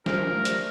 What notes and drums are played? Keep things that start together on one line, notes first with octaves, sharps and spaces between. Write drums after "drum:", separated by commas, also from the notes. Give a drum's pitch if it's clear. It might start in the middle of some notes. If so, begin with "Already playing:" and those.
F3 A#4, drum: snare
A3
G3, drum: hi-hat